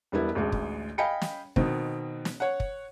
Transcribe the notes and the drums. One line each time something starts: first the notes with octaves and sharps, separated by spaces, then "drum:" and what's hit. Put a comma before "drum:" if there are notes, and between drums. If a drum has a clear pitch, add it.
E1 G3 B3 E4
A1 D2 G#3
drum: kick
D#5 F5 G5 G#5 B5 C#7
drum: snare
B2 D#3 C4, drum: kick
drum: snare
C#5 F#5
drum: kick